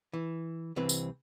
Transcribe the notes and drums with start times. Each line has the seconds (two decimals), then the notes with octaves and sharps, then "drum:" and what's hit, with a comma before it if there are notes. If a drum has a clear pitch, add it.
0.13 E3
0.76 C2 E3 C4 B4
0.89 drum: tambourine